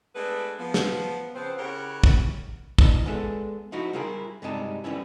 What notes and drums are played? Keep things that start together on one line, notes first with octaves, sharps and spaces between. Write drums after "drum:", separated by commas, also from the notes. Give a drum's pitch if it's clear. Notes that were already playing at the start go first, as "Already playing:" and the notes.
G#3 A3 B3 D4 B4
F3 B3
drum: snare
C#3 F3 B3 C4 C5
C#3 E4 G4 A#4 C#5 F#5
drum: kick
C2 G2 D#4 F4, drum: kick
G#3 B3 D4 A4 E5
F3 D#4 E4 F#4
G3 E4 F4 G#4 A#4
G2 C3 G3 G#3 D#4 A5
E3 F#3 G3 B3 C#4 E4